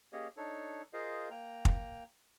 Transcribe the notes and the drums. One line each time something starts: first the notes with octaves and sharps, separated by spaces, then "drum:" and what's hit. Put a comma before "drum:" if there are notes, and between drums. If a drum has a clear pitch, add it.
A#3 C#4 G4 G#4 C#5 D#5
D4 D#4 A4 C#5
F4 G#4 A#4 C5 D#5 F5
A#3 G5 A#5
drum: kick